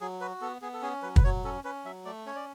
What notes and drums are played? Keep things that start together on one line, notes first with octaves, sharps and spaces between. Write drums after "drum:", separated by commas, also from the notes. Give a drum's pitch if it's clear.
F#3 G#4
F#4 B4
B3 A4
B3 G#4
A4
C#4 G#4
F#3 B4
B4, drum: kick
F#3 C#5
C#4 A4
C#4 B4
F#3 E5
A3 D5
C#4 C#5
D5